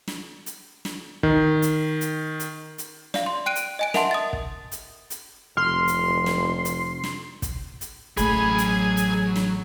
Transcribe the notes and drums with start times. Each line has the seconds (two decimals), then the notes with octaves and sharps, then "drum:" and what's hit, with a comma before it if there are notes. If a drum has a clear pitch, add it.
0.08 drum: snare
0.46 drum: hi-hat
0.85 drum: snare
1.23 D#3, drum: kick
1.62 drum: hi-hat
2.01 drum: hi-hat
2.40 drum: hi-hat
2.78 drum: hi-hat
3.14 D5 F5, drum: snare
3.26 C6
3.46 G5 F#6 D7 D#7
3.56 drum: hi-hat
3.79 D#5 G#5 D7
3.94 A#4 E5 F#5 A5 C6, drum: snare
4.11 D#6 A6
4.33 drum: kick
4.72 drum: hi-hat
5.10 drum: hi-hat
5.57 F1 C6 F6
5.88 drum: hi-hat
6.26 drum: snare
6.65 drum: hi-hat
7.04 drum: snare
7.42 drum: kick, hi-hat
7.81 drum: hi-hat
8.17 A1 F#3 A3 G#4 B5, drum: hi-hat
8.58 drum: hi-hat
8.97 drum: hi-hat
9.36 drum: snare